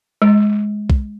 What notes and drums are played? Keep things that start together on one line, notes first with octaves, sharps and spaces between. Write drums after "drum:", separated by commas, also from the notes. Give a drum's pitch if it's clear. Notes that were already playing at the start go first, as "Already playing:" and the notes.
G#3
drum: kick